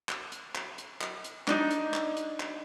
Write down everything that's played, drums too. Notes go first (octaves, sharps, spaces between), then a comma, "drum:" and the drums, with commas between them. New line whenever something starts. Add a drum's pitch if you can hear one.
drum: clap
drum: hi-hat
drum: clap
drum: hi-hat
drum: clap
drum: hi-hat
D4 D#4, drum: clap
drum: hi-hat
drum: clap
drum: hi-hat
drum: clap